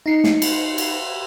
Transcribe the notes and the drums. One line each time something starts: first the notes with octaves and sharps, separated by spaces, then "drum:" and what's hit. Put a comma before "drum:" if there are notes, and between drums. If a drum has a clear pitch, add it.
D#4 C7 C#7
drum: snare
drum: cymbal
drum: cymbal